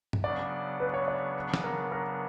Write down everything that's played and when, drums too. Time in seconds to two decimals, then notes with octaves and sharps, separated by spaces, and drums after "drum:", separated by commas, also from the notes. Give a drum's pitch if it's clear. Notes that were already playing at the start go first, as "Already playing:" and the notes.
0.13 drum: tom G2
0.24 C#3 F#3 B3 D4 D5
0.80 B4
0.94 C#5
1.08 D5
1.54 drum: snare
1.64 A#4
1.92 A#4